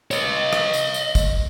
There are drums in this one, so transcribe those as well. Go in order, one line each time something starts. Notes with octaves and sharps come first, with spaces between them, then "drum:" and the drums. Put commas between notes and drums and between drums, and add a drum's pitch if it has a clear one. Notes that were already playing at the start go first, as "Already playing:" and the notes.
C#5 D#5, drum: tambourine
drum: rim click
drum: tambourine
drum: tambourine
drum: kick, tambourine